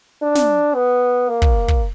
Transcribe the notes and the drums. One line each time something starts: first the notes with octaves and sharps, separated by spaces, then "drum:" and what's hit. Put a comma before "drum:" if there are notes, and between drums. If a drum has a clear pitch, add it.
D4
drum: snare
B3
A#3
drum: kick
drum: kick